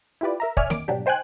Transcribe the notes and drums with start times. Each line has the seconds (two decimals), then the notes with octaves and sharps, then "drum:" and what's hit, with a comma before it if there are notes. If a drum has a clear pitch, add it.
0.21 E4 F4 G4 B4 D5
0.40 A#4 E5 A#5
0.57 C#5 D5 E5 G#5 F6, drum: kick
0.70 D#3 D6, drum: snare
0.88 G#2 B2 F#3 D4 G4
1.06 D#4 C5 G5 G#5 F#6